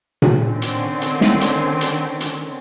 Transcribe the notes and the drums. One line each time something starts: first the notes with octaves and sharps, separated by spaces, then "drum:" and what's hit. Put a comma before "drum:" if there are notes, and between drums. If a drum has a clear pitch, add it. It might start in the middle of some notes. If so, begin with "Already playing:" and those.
drum: tom A#2
D3 D#3 C4 C#4
drum: hi-hat
drum: hi-hat
drum: snare
drum: hi-hat
drum: hi-hat
drum: hi-hat